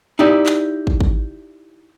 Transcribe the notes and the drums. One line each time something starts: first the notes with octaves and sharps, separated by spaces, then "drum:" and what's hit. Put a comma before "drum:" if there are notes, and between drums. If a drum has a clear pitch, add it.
D#4 E4 G4 D5
drum: clap
drum: kick
drum: kick